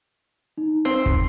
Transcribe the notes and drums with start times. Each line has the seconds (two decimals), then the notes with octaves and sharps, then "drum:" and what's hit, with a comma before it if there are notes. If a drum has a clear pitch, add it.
0.58 D#4
0.85 C4 C7
1.06 drum: kick